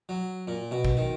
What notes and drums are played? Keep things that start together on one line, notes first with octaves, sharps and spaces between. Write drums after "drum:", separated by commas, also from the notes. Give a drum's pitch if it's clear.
F#3
A#2
B2
drum: kick
D#3